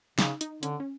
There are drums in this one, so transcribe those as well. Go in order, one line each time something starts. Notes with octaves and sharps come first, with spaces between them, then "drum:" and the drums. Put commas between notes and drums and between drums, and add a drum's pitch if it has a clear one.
C#3 D#4, drum: snare
D#4, drum: hi-hat
D3 C#4, drum: hi-hat
C#4